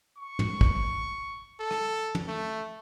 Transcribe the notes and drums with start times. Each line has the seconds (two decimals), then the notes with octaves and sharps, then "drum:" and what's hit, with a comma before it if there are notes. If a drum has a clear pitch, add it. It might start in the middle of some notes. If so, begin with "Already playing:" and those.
0.17 C#6
0.39 drum: tom
0.61 drum: kick
1.60 A4
1.71 drum: rim click
2.15 drum: tom
2.28 A3